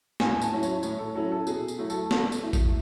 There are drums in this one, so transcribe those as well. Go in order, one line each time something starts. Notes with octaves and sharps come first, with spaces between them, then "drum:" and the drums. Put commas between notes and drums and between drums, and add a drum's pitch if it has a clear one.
A2 G#5, drum: snare
A5, drum: tambourine
F#3 C#4 E4
C#5, drum: tambourine
A2 C#5, drum: tambourine
A4
F#3 C#4 E4 A4
A4
B2 G#4, drum: tambourine
drum: tambourine
F#3 A3 E4
A4, drum: tambourine
B2 A4, drum: snare
drum: tambourine
F#3 A3 E4 E5
drum: kick A1, tambourine